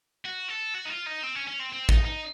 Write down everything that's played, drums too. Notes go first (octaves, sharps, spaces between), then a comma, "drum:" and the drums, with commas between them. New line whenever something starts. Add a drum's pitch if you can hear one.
F#4
A4
F#4
D#4
F4
D#4
C4
C#4
C#4
C4
C4
D#4, drum: kick
D#4